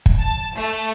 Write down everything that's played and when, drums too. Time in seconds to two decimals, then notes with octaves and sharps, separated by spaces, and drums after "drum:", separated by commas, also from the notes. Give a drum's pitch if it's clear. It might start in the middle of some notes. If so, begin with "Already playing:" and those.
0.06 drum: kick
0.20 A5
0.57 A3